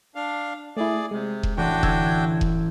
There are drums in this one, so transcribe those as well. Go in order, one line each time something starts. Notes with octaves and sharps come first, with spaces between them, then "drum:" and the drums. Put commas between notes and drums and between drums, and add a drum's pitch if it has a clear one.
D4 F5
A3 E4 G#4 D5
C3 G#3
drum: kick E1
A1 D4 F#4 G5
D3 E6 G#6, drum: kick E1
drum: kick E1